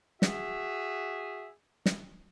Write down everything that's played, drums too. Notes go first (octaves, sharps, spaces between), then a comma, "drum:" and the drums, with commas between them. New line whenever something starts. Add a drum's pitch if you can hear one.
F#4 G#4 E5, drum: snare
drum: snare